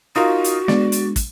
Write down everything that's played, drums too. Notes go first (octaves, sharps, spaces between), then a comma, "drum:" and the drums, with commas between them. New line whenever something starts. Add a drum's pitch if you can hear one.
D#4 F4 F#4 A#4 F5 D#6
drum: hi-hat
G#3 B3 D4 D5, drum: snare
drum: hi-hat
drum: kick, hi-hat